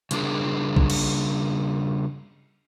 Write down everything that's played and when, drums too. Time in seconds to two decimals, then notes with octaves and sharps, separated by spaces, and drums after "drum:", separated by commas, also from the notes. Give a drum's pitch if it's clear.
0.11 C#3 G3 D4 G#4 A#4, drum: hi-hat
0.76 drum: kick A#1
0.90 drum: cymbal